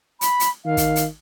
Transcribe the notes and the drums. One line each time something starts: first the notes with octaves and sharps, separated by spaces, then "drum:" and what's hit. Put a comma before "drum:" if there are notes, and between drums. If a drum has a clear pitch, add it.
B5, drum: hi-hat
drum: hi-hat
D#3 F5
drum: kick, hi-hat
drum: hi-hat